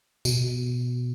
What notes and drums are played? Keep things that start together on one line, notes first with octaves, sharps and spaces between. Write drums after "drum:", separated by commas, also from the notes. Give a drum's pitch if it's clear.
B2, drum: tambourine